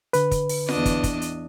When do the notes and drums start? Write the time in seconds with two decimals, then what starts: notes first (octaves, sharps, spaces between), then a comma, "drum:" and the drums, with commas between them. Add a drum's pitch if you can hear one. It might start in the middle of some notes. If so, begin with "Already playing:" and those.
0.13 D3 B4, drum: hi-hat
0.31 drum: kick, hi-hat
0.49 drum: open hi-hat
0.69 E2 D4 D#5, drum: snare F4
0.85 drum: kick, hi-hat
1.04 drum: kick, hi-hat
1.22 drum: hi-hat